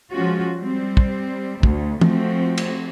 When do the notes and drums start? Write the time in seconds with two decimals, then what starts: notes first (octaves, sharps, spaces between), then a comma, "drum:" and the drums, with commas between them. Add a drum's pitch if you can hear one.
0.11 F3 G#3 C#4 F4 F#4
0.57 G3 C4
0.97 drum: kick
1.63 D2, drum: kick
2.01 F3 A3 C4 F#4, drum: tom
2.58 drum: cymbal